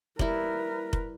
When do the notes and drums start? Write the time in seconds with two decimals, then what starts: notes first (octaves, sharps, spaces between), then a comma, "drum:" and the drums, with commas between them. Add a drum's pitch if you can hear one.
0.19 G3 E4 A#4 B4, drum: kick F1
0.93 drum: kick F1